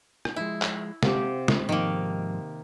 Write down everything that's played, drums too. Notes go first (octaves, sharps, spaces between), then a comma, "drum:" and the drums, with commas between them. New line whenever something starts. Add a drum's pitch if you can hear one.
drum: rim click
F3 G#3 E4
drum: clap
C3 G4 C5 F5 F#5, drum: snare
drum: snare
G#2 D#3 F3 G#3 A#3